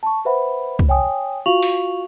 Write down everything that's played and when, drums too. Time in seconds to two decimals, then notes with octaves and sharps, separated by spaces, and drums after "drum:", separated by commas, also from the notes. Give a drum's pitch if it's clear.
0.03 A5 C#6
0.25 B4 C5 E5 F#5 B5
0.79 drum: kick C2
0.89 C#5 G5 G#5 D#6
1.46 F4 F#4 F5 C#6 F7 F#7
1.63 drum: open hi-hat